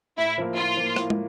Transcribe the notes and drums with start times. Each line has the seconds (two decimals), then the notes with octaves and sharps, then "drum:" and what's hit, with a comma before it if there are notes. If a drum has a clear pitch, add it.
0.18 A2 E4
0.38 F3 A#3
0.57 A2 F4
0.77 F3 A#3
0.96 A2, drum: rim click
1.10 drum: tom